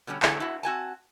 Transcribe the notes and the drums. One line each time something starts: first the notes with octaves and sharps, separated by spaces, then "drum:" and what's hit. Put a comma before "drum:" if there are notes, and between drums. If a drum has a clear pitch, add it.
B2 D3 G3 C#4 D4
D3 A3 E4 G#4 A4, drum: clap
E4 F#4
C4 F#4 G#5 A5